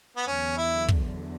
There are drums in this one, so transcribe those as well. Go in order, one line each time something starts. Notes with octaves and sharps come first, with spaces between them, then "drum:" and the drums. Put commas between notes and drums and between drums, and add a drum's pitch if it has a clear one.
B3
E2 D3 F#3 C#4
E4
drum: kick